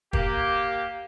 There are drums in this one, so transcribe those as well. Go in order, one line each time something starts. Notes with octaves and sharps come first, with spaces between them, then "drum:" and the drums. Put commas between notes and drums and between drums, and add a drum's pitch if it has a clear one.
A#3 G4, drum: kick